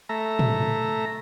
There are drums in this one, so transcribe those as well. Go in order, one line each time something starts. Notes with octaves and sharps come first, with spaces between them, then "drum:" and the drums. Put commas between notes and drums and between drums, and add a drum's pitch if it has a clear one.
A3 E5 A#5
drum: tom